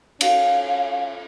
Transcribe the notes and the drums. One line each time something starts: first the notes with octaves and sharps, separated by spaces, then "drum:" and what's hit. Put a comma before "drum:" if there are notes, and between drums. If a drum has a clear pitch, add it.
C#4 F5, drum: cymbal